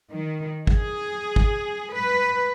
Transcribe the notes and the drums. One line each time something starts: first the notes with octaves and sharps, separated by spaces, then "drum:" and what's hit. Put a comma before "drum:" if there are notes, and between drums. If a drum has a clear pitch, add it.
D#3
G#4, drum: kick
drum: kick
B4